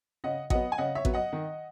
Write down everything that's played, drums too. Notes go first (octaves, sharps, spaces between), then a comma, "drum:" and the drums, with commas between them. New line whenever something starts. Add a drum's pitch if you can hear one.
C#3 D#5 F#5
F#3 B3 D#5 F#5, drum: kick A1
G#5
C#3 D#5 F#5
C#5 E5
F#3 B3, drum: kick A1
D#5 F#5
D#3